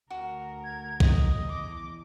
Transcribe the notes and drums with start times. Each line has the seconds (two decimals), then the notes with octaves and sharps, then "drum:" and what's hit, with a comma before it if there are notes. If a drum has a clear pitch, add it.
0.10 D2 F#4 A#4
0.64 G#6
1.00 D#5, drum: kick
1.49 E2 D6